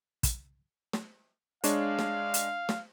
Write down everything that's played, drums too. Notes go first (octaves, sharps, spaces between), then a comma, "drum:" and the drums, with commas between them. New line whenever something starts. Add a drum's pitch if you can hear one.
drum: kick, hi-hat
drum: snare
G#3 D4 C#5 F5, drum: hi-hat
drum: snare
drum: hi-hat
drum: snare